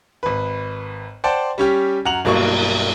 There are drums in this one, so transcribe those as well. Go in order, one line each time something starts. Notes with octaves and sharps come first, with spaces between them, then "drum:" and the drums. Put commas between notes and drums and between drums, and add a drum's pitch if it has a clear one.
G#1 B4
C5 D5 F#5 G5 A5 C6
G3 C#4 G4
F#2 F#5 A#5 F7 F#7
B1 G2 F#3 A#3 C#6, drum: cymbal